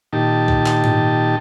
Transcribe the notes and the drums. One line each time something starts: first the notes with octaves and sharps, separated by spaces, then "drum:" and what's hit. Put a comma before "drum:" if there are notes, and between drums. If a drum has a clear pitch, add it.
A#2 D#3 D#4 G4 A5
drum: kick
drum: clap
drum: tom G#2